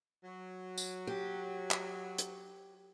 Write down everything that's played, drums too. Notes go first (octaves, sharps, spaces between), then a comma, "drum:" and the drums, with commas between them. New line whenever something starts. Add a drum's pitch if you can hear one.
F#3
drum: tambourine
G4
drum: clap
drum: hi-hat